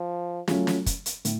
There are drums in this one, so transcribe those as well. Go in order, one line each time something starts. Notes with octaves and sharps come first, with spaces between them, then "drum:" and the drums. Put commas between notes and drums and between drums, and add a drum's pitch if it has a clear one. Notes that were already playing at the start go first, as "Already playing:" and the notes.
Already playing: F3
F#3 A3 C#4 F4, drum: snare
drum: snare
drum: kick, hi-hat
drum: hi-hat
A2, drum: hi-hat